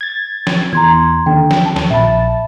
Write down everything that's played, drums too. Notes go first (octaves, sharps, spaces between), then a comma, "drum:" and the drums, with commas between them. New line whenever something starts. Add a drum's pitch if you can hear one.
G#6 A6
drum: snare
E2 A#5 C6 G#6
D#2 D3 G5
drum: snare
A5
drum: snare
A#1 E5 A5 B5